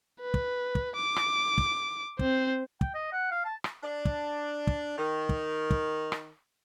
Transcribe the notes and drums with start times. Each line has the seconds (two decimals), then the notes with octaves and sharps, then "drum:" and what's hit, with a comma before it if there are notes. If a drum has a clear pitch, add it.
0.21 B4
0.34 drum: kick
0.75 drum: kick
0.96 D6
1.16 drum: rim click
1.58 drum: kick
2.19 C4 C5, drum: kick
2.81 G5, drum: kick
2.94 D#5
3.13 F#5
3.31 F5
3.45 A5
3.64 drum: rim click
3.83 D4
4.05 drum: kick
4.67 drum: kick
4.98 D#3
5.29 drum: kick
5.71 drum: kick
6.12 drum: rim click